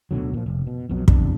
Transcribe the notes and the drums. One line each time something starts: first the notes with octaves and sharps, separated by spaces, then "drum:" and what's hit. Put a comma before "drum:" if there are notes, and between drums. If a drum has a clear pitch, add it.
D2 B2 D3 F#3
A#2 F3
F1
B2
B1 F2 B2 F#3
D1 E2 C3 D4, drum: kick